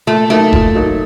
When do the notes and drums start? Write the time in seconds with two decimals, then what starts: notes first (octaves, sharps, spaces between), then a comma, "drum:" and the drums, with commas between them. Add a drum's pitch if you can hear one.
0.07 A#2 A3
0.29 F#3 A3 A#3 D#4
0.53 A#2, drum: kick E1
0.75 F#3 A#3 D#4